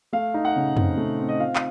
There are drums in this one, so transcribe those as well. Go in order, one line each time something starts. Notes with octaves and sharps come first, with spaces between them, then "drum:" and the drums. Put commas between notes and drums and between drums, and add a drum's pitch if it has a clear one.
A3 F5
D#4
F#5
C#3
C4, drum: tom F2
A3
C4
D#5
F4 F5
drum: clap